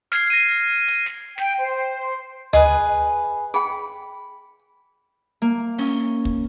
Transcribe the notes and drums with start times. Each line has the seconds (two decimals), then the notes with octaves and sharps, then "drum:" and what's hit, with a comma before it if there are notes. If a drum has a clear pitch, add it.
0.12 F6 G#6 C7, drum: snare
0.30 A#6 D#7
0.88 drum: hi-hat
1.06 drum: snare
1.38 G5, drum: snare
1.59 C5
2.53 G#4 B4 D#5, drum: tom D2
3.54 G#4 G5 B5
5.42 A#3
5.78 C#4, drum: open hi-hat
6.25 drum: kick